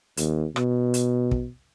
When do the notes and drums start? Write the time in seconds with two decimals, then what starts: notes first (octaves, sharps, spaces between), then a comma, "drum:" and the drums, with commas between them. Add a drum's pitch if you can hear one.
0.17 D#2, drum: hi-hat
0.56 B2, drum: rim click
0.94 drum: hi-hat
1.31 drum: kick